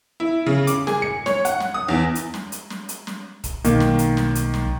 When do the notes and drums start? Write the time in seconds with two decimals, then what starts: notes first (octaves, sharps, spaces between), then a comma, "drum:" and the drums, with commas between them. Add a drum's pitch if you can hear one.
0.20 E4
0.46 C#3
0.67 D6, drum: hi-hat
0.87 G#4, drum: snare
1.02 C#7
1.26 C#5, drum: snare
1.45 F#5, drum: hi-hat
1.60 drum: snare
1.74 D#6
1.88 E2
2.15 drum: hi-hat
2.34 drum: snare
2.52 drum: hi-hat
2.70 drum: snare
2.89 drum: hi-hat
3.07 drum: snare
3.44 drum: kick D#1, hi-hat
3.64 B1 D#3 A#3, drum: hi-hat
3.80 drum: snare
3.99 drum: hi-hat
4.17 drum: snare
4.35 drum: hi-hat
4.54 drum: snare